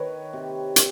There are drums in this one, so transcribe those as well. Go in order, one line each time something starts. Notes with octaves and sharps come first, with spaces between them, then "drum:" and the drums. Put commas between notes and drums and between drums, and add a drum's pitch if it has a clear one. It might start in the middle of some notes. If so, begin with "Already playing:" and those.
Already playing: D#3 B4 C#5
C3
drum: hi-hat